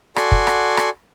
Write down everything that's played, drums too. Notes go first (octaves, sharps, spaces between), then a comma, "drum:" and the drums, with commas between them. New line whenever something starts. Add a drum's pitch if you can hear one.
F#4 A4 D5 F#5 G#5 C6, drum: rim click
drum: kick
drum: rim click
drum: rim click